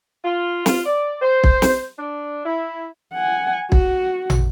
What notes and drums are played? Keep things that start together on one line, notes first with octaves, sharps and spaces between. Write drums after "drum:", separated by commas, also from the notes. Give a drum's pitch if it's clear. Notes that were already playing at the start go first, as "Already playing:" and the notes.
F4
F4, drum: snare
D5
C5
drum: kick
drum: snare
D4
E4
F#5 G#5
F#4, drum: kick
drum: tom